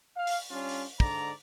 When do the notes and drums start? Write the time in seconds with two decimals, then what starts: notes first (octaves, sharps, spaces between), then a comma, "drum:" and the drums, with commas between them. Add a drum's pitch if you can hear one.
0.17 F5
0.27 drum: open hi-hat
0.51 G3 C#4 D4 F4
0.69 drum: open hi-hat
1.00 G#2 D3 D5 A#5, drum: kick